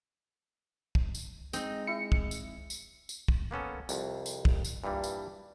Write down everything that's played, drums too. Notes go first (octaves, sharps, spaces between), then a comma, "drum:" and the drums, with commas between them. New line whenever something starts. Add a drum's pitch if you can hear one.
drum: kick
drum: tambourine
G#3 C4 D#4, drum: tambourine
E4 C#7
drum: kick
drum: tambourine
drum: tambourine
drum: tambourine
drum: kick
A#3 B3 C#4 A4
C2 F2, drum: tambourine
drum: tambourine
drum: kick
drum: tambourine
G2 A#2 E3 G3
drum: tambourine